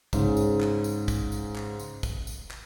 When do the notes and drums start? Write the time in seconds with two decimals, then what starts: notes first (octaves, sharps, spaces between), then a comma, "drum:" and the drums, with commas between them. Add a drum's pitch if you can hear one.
0.13 G#2 C#3, drum: kick, tambourine
0.37 drum: tambourine
0.60 drum: clap
0.84 drum: tambourine
1.08 drum: kick, tambourine
1.32 drum: tambourine
1.56 drum: clap
1.79 drum: tambourine
2.03 drum: kick, tambourine
2.27 drum: tambourine
2.51 drum: clap